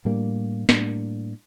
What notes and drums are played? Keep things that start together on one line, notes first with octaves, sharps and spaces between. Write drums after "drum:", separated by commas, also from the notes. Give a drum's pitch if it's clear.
A2 G3 A#3 D4
A2 G3 A#3 D4, drum: snare